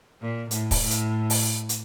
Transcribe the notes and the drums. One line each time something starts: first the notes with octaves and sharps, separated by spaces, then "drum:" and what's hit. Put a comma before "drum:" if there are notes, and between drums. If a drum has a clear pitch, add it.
A#2
A2, drum: hi-hat
drum: kick, open hi-hat
A2
drum: hi-hat
drum: open hi-hat
drum: hi-hat